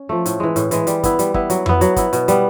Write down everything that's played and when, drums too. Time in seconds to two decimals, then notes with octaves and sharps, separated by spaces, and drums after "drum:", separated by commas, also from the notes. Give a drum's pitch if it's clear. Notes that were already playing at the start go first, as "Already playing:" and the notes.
Already playing: C#4
0.09 F3 A3
0.26 A2, drum: hi-hat
0.40 E3 G#3
0.56 A2, drum: hi-hat
0.71 E3 G#3, drum: hi-hat
0.87 G3, drum: hi-hat
1.04 B3 E4, drum: kick, hi-hat
1.19 G3, drum: hi-hat
1.34 B3 E4, drum: kick
1.50 F#3, drum: hi-hat
1.66 B3 E4, drum: tom F2
1.81 F#3, drum: hi-hat
1.96 B3 E4, drum: kick, hi-hat
2.13 B2, drum: hi-hat
2.28 G3 B3, drum: hi-hat